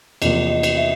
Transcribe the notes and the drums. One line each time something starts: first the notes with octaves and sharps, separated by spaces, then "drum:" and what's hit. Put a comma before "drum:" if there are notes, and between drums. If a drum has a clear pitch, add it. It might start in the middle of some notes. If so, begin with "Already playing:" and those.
E2 C3 F3 A#3 D#5, drum: cymbal
D#5
drum: cymbal
E5